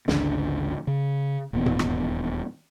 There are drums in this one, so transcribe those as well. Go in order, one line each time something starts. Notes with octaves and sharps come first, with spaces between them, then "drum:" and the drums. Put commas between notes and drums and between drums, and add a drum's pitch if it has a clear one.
G#1 D2 C#3 D4, drum: snare
C#3
D#1 E2 A#2 B3
drum: tom G#2
drum: rim click